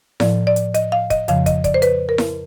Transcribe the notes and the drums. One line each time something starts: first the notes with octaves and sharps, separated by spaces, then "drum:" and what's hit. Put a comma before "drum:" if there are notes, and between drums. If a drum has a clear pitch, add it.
A2 F3 D5, drum: snare E4
D5
drum: hi-hat
D#5, drum: hi-hat
F5
D#5, drum: kick, hi-hat
F2 C#3 F3 F5, drum: hi-hat
D#5, drum: kick, hi-hat
D5, drum: kick, hi-hat
C5
B4, drum: hi-hat
A#4
drum: snare E4